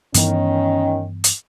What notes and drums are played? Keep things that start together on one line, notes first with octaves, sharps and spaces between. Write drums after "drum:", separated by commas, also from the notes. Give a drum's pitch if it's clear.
G2 D#3 E3 B3 C#4, drum: hi-hat
drum: hi-hat